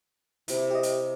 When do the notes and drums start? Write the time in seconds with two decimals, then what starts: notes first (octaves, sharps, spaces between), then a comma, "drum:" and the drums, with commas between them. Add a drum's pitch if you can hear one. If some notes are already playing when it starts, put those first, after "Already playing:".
0.48 C3 E4, drum: hi-hat
0.70 G4 D#5
0.83 drum: hi-hat